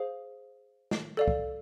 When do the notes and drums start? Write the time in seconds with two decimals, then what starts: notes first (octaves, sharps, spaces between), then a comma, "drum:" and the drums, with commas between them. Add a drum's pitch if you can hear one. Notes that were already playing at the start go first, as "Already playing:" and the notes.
Already playing: G#4 C5 F5
0.91 drum: snare
1.17 A4 D5 F5
1.28 drum: kick